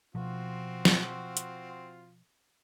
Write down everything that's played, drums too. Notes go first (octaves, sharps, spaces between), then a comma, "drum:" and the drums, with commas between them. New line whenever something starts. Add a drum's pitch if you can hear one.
B2 F3 C4 F4 F#4
drum: snare
drum: hi-hat